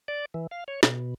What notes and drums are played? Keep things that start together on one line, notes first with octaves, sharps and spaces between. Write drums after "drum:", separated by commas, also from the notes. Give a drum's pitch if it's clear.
D5
E3
F5
C#5
B2, drum: snare